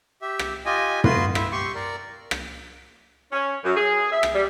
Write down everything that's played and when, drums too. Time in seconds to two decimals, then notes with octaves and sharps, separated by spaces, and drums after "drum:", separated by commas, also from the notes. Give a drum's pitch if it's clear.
0.22 G4 E5
0.39 drum: rim click
0.65 F4 G4 D#5 G#5
1.04 F4 F#4 B4 C6, drum: tom
1.35 E4 E5, drum: rim click
1.52 G4 C6 C#6
1.75 A#4 D5
2.31 drum: rim click
3.32 C#4
3.64 F#2
3.76 G#4
4.12 E5
4.23 drum: rim click
4.35 G3